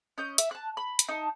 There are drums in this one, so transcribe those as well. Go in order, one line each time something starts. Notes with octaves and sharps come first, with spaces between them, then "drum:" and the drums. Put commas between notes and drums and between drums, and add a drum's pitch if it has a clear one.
C#4 D#5 G6
E5, drum: hi-hat
A5 F#6
B5
drum: hi-hat
D#4 A5